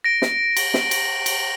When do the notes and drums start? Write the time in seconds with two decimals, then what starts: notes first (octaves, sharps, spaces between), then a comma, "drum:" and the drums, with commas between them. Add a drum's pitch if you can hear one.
0.04 A#6 D7
0.22 drum: snare
0.57 drum: cymbal
0.74 drum: snare
0.91 drum: cymbal
1.26 drum: cymbal